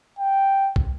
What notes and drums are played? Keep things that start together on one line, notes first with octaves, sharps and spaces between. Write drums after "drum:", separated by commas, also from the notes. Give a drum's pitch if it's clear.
G5
drum: kick